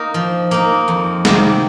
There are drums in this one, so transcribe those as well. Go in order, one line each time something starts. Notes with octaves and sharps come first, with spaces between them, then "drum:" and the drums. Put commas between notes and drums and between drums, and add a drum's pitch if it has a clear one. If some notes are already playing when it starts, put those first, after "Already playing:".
Already playing: A#3 D#4 A#4
F3
A#3 D#4 A#4
F2
C3 D#3 A#3, drum: snare